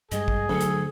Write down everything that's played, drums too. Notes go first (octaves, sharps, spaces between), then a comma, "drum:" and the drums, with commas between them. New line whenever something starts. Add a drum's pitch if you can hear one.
G2 G3 G#3 G#4 D#5, drum: hi-hat
drum: kick
D2 F#3 A4
drum: hi-hat